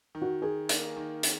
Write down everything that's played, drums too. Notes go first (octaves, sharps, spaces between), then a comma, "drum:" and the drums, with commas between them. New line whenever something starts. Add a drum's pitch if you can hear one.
D#3
F#4
D#3 G#4
A#3, drum: hi-hat
D#3
drum: hi-hat